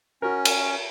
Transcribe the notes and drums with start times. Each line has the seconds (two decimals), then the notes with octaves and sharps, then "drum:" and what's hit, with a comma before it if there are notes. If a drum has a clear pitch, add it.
0.22 C#4 F#4 A#4
0.45 drum: cymbal